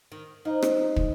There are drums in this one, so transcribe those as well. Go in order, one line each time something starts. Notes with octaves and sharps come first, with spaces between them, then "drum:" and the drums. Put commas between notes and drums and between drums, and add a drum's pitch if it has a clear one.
D#3
F3 D#4
drum: rim click
drum: kick